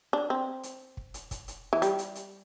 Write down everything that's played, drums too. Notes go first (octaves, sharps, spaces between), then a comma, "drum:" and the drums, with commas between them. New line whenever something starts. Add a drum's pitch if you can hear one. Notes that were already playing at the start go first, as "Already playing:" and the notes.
D4
C4
drum: hi-hat
drum: kick
drum: hi-hat
drum: kick, hi-hat
drum: hi-hat
E3
G3, drum: hi-hat
drum: hi-hat
drum: hi-hat